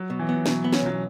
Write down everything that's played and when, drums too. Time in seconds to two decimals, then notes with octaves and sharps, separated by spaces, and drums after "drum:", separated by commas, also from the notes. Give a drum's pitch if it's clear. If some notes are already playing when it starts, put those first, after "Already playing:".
Already playing: F#3
0.10 B2
0.19 E3
0.29 B3
0.46 B2 F#3, drum: snare
0.64 B3
0.73 C#4, drum: snare
0.82 B1 F#3